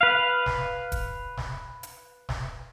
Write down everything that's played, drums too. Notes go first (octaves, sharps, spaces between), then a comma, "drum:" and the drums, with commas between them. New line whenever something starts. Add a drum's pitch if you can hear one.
B4 F5
drum: snare
drum: kick, hi-hat
drum: snare
drum: hi-hat
drum: snare